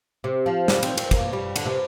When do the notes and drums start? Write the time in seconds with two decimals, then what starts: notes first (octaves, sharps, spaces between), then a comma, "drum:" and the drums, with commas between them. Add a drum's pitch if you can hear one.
0.24 C3
0.46 F3
0.68 G3, drum: snare
0.83 C4, drum: cymbal
0.98 C4, drum: cymbal
1.11 A#3, drum: kick, cymbal
1.33 G3
1.56 D3, drum: cymbal
1.66 C3